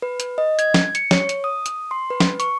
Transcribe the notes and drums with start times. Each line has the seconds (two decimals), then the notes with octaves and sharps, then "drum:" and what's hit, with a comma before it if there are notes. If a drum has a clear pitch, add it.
0.02 B4
0.20 drum: hi-hat
0.38 D#5
0.59 G#6, drum: hi-hat
0.74 drum: snare
0.95 C#7, drum: hi-hat
1.11 C#5, drum: snare
1.29 drum: hi-hat
1.44 D#6
1.66 drum: hi-hat
1.91 C6
2.10 B4
2.20 drum: snare
2.40 C#6, drum: hi-hat